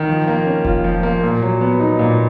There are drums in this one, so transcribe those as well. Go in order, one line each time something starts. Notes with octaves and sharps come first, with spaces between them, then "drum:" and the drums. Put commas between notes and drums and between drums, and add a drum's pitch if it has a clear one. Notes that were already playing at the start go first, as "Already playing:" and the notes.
Already playing: D#3
F3
A#3
C#4
F4, drum: kick F1
F3
A#3
A#2
F#3
B3
D#4
A#2